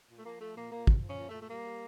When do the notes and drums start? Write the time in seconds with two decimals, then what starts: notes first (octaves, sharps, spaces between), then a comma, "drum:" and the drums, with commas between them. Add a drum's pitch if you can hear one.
0.09 A#2
0.17 A3
0.25 F3 A#3
0.40 F3 A3
0.56 A#2 A#3
0.71 A#2 A#3
0.87 F3, drum: kick
1.02 F3
1.08 C#4
1.19 A#2
1.29 A3
1.34 A#2
1.41 A3
1.49 G3 A#3
1.65 G3